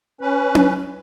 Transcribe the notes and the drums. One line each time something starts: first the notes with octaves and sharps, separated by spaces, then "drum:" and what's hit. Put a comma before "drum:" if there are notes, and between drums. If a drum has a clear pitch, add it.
C#4 B4
drum: tom C#4